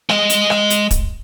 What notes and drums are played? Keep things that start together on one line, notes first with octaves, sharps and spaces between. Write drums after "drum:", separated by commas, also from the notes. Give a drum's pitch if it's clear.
G#3 D#5, drum: rim click
drum: hi-hat
drum: rim click
drum: hi-hat
drum: kick, hi-hat